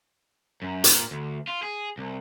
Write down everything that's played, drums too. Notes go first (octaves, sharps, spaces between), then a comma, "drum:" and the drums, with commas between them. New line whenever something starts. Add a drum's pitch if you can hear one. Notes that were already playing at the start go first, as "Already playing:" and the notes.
F#2
A#2, drum: hi-hat
D2
F4
G#4
C2